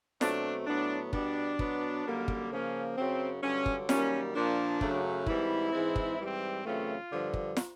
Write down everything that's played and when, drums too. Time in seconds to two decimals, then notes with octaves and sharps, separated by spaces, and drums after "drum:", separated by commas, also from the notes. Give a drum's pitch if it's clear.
0.21 B2 F#3 A3 C4 D4, drum: snare
0.67 A2 F#3 B3 D4
1.13 B2 G3 B3 D4, drum: kick
1.59 B2 F#3 B3, drum: kick
2.05 F#2 D3 G3 A#3
2.28 drum: kick
2.51 C#3 F3 A#3 C#4
2.97 F#2 C#3 F#3 C4
3.43 G2 D3 F#3 C#4
3.66 drum: kick
3.89 F#2 D#3 G3 A#3 C#4, drum: snare
4.35 A#2 F3 A#3 D4
4.81 F#2 C#3 F#3 A3, drum: kick
5.26 G#2 E3 G3 C4 E4, drum: kick
5.73 G#2 E3 G#3 C4
5.96 drum: kick
6.19 G#2 E3 G3 C4
6.65 F#2 C#3 E3 A3 C4 F4
7.10 G2 D3 F3
7.34 drum: kick
7.56 drum: snare